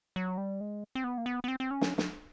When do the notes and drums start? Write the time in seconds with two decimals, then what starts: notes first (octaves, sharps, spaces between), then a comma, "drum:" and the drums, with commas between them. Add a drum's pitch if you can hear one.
0.16 F#3
0.38 G3
0.61 G#3
0.95 C4
1.04 B3
1.18 A#3
1.26 B3
1.44 B3
1.48 C4
1.60 C4
1.71 C#4
1.81 drum: snare
1.98 drum: snare